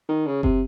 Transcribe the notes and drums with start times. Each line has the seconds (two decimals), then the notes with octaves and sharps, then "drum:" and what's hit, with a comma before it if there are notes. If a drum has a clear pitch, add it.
0.09 D#3
0.26 C#3
0.43 C3, drum: kick F#1